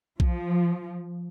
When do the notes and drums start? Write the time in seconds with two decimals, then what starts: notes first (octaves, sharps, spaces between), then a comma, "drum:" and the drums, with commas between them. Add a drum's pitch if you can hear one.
0.20 F3, drum: kick B1